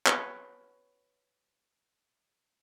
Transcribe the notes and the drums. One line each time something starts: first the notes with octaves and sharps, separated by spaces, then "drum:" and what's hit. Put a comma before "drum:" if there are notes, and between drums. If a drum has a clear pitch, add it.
B4 C#5 A5, drum: clap